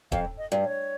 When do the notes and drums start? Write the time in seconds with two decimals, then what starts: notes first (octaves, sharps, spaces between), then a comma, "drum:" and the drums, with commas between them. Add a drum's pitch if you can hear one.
0.12 F2 F5, drum: kick D#1
0.38 D#5
0.52 G2
0.64 C#5